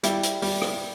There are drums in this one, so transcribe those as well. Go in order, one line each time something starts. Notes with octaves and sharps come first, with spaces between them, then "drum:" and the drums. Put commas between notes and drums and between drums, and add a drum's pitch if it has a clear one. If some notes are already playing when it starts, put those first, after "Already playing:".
G3 E4, drum: hi-hat
drum: hi-hat
G3, drum: open hi-hat
drum: rim click